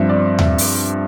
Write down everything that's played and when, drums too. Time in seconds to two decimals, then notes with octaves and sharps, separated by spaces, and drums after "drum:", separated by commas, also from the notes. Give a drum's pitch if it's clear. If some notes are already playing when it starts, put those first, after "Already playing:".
Already playing: G2 F3 C4 E5
0.09 D5
0.39 E5, drum: tom D#2
0.58 drum: open hi-hat